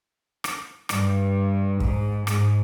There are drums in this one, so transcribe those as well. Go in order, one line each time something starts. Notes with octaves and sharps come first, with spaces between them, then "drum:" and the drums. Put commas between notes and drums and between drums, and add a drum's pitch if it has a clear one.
drum: rim click
G2, drum: rim click
G#2, drum: kick
G#2, drum: rim click